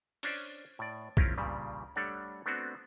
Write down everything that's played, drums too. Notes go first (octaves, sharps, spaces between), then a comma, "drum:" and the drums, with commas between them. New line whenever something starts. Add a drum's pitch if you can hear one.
C#4 D4 C5 D5, drum: open hi-hat
A2 D5
C4 C#4 E4 F4 A#4, drum: kick B1
G2 A#2 C#3 G3
G3 A3 D4 A4 C#5 F#5
A3 B3 C4 D4 F#4